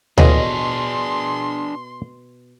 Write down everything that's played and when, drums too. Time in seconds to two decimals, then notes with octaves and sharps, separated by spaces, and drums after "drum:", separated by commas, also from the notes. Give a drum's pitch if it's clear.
0.18 A1 D#2 B2 B3 D4 G#4 D#5 C6, drum: tom D2